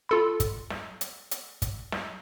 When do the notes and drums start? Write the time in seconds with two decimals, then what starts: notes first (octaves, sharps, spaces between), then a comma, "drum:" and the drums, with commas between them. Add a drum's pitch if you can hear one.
0.09 F4 A4 B5
0.40 drum: kick, hi-hat
0.70 drum: snare
1.01 drum: hi-hat
1.31 drum: hi-hat
1.62 drum: kick, hi-hat
1.92 drum: snare